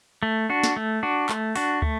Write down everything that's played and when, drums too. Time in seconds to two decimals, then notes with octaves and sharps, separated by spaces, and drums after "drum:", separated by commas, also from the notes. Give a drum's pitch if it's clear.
0.23 A3
0.50 D4 F#4
0.64 drum: snare
0.76 A3
1.03 D4 F#4
1.29 A3, drum: clap
1.56 D4 F#4, drum: open hi-hat
1.82 A3, drum: kick